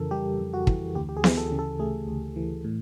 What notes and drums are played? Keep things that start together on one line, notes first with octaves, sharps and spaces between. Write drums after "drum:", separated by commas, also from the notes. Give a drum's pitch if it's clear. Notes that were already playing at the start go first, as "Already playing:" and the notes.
Already playing: F2 C#3 E3 A4 A#4
G3 G4
F2
F#4
E3, drum: kick
D2 G4
G4
G#4
E3, drum: snare B3
A4
C#3
A4
A3 G#4
D2
E3
A2